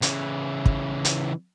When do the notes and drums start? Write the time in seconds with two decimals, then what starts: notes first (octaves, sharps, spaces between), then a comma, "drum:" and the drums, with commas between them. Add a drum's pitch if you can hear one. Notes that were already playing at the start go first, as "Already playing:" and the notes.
0.02 C#3 E3, drum: hi-hat
0.66 drum: kick
1.05 drum: hi-hat